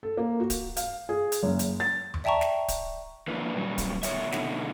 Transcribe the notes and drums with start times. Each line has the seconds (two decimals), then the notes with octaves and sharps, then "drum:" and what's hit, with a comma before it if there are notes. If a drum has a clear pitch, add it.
0.03 A4
0.17 A#3
0.40 F#4
0.50 drum: kick D1, hi-hat
0.77 F5, drum: hi-hat
1.09 G#4
1.32 drum: hi-hat
1.43 F#1
1.59 drum: hi-hat
1.80 A6
2.14 drum: tom D#2
2.24 D5 E5 G5 A5 A#5 C#6
2.41 drum: snare
2.68 drum: kick D1, hi-hat
3.28 D#3 F3 A#3 D4 E4 B4
3.55 A#2 F#3 G3
3.78 drum: kick D1, hi-hat
4.03 B2 D#3 F#4 C#5 E5, drum: hi-hat
4.32 B2 D3 B3 D#4 E4, drum: snare